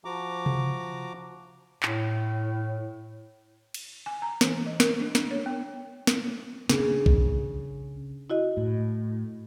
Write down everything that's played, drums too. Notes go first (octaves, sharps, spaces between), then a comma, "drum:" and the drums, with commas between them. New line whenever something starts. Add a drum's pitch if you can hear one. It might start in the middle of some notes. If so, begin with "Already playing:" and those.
F3 F#4 A#5 D6
drum: tom C3
A2, drum: clap
drum: cymbal
G#5
A#5
E3, drum: snare
D#5
A#4, drum: snare
D4
D4, drum: snare
C#5
B3
drum: snare
C#3 D4 G#4, drum: snare
drum: kick A#1
E4 F#4 D#5
A2